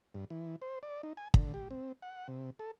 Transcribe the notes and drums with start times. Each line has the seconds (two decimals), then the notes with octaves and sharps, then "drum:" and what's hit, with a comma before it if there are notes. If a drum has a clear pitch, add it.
0.14 G2
0.30 E3
0.62 C5
0.83 D5
1.03 D#4
1.17 G#5
1.34 D3, drum: kick
1.54 G4
1.71 C4
2.02 F#5
2.28 C3
2.59 A4